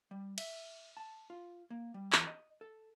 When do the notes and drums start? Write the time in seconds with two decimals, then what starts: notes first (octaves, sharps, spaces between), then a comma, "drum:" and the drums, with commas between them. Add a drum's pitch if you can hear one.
0.11 G3
0.38 E5, drum: cymbal
0.97 A5
1.30 F4
1.70 A#3
1.94 G3
2.12 E3, drum: clap
2.27 D#5
2.61 A4